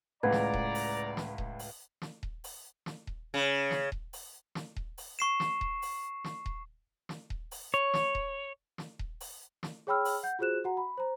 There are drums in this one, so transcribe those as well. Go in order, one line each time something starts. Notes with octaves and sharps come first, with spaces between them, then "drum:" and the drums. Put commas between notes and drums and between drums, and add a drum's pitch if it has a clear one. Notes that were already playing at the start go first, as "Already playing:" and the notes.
C#2 A2 B4 D5 F5 F#5 A#5 G#6
drum: snare
drum: kick D#1
drum: open hi-hat
drum: snare
drum: kick D#1
drum: open hi-hat
drum: snare
drum: kick D#1
drum: open hi-hat
drum: snare
drum: kick D#1
C#3
drum: snare
drum: kick D#1
drum: open hi-hat
drum: snare
drum: kick D#1
drum: open hi-hat
C#6 C7 E7
drum: snare
drum: kick D#1
drum: open hi-hat
drum: snare
drum: kick D#1
drum: snare
drum: kick D#1
drum: open hi-hat
C#5
drum: snare
drum: kick D#1
drum: snare
drum: kick D#1
drum: open hi-hat
drum: snare
G#4 C#5 G5 B5 E6 F6
drum: open hi-hat
F#5 G6
F4 F#4 G#4 C5 F#6 E7
F#4 F#5 A#5
B5
C5 A#5